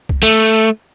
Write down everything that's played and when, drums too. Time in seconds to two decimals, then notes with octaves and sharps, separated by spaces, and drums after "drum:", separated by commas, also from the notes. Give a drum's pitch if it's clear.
0.09 drum: kick C2
0.23 A3